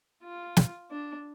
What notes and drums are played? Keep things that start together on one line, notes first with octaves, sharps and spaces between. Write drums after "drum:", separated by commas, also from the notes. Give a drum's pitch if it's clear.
F4
drum: snare
D4